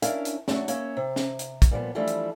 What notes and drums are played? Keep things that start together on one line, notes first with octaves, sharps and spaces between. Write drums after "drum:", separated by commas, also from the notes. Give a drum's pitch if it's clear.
C#4 D4 E4 A#4 E5 F5, drum: hi-hat
drum: hi-hat
F#3 A3 D4 F4 F#4, drum: snare
A#3 C#4 C#5 E5, drum: hi-hat
C3
drum: snare
drum: hi-hat
drum: kick, hi-hat
A#2 F3 G3 B3
E3 F3 G3 A3 D4 E4
drum: hi-hat